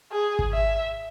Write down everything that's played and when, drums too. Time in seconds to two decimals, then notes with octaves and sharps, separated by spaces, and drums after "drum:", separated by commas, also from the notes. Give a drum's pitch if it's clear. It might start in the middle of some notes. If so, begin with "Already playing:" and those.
0.12 G#4
0.39 drum: kick G#1
0.53 E5